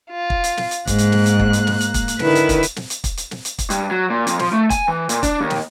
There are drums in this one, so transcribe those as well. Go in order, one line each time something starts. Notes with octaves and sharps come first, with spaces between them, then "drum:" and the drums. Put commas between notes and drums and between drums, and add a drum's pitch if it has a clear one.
F4
drum: kick
drum: hi-hat
drum: snare
drum: hi-hat
G#2 A#3 F#6, drum: kick, hi-hat
drum: hi-hat
drum: snare
drum: hi-hat
drum: kick
drum: hi-hat
drum: snare
drum: hi-hat
drum: kick, hi-hat
drum: hi-hat
D3 D#3 E4 B4, drum: snare
drum: hi-hat
drum: kick, hi-hat
drum: hi-hat
drum: snare
drum: hi-hat
drum: kick, hi-hat
drum: hi-hat
drum: snare
drum: hi-hat
drum: kick, hi-hat
G2, drum: hi-hat
F#3
A#2
F2, drum: hi-hat
F3, drum: snare
A3
G#5, drum: kick, hi-hat
E3
A#2, drum: hi-hat
D4, drum: kick, hi-hat
D#2
drum: snare